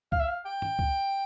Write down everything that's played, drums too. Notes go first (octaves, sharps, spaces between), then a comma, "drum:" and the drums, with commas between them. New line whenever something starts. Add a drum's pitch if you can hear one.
F5, drum: kick
E5
F5
G5
drum: tom
drum: kick